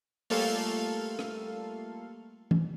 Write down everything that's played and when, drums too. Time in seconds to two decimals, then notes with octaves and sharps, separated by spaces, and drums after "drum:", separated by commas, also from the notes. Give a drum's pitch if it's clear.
0.30 G3 A3 A#3 F4 A4 F5, drum: open hi-hat
1.19 drum: rim click
2.51 drum: tom E3